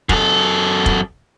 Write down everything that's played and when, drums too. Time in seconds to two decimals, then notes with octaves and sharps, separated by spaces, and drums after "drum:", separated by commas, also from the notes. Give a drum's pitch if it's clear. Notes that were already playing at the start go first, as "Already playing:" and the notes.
0.09 F#2 A4, drum: kick F1
0.86 drum: kick F1